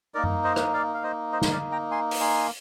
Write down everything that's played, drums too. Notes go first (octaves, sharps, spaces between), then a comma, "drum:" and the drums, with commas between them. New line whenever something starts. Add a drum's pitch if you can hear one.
A#3 D#4 A#4 D5
drum: tom F#2
C5 D#5
drum: rim click
D5 F5
F5
C5 D#5
C5 D#5
drum: snare
D5 F5
G5 A#5
G#5 C6
drum: open hi-hat
G#5 C6